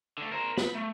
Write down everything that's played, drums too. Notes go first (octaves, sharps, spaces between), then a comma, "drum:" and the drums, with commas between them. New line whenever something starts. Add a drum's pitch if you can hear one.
D3 A3
A#4 C5
B5, drum: snare
A3